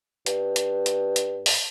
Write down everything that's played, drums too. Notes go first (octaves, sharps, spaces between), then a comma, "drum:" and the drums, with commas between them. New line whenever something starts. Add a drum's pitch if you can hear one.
G2, drum: hi-hat
drum: hi-hat
drum: hi-hat
drum: hi-hat
drum: open hi-hat